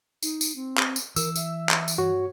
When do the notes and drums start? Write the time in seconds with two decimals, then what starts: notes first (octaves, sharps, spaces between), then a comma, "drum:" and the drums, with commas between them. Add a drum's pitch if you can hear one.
0.23 D#4, drum: tambourine
0.41 drum: tambourine
0.56 C4
0.78 drum: clap
0.96 drum: tambourine
1.16 E3 A#4 E6, drum: tambourine
1.36 E5, drum: tambourine
1.69 drum: clap
1.88 drum: tambourine
1.98 G2 F#4 C#5 C#6